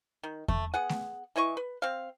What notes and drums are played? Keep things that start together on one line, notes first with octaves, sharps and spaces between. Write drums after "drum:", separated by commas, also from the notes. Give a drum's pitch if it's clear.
D#3
A3, drum: kick E2
B3 G#4 F#5
drum: snare A3
E3 E4 D#5 C#6
B4
C4 F5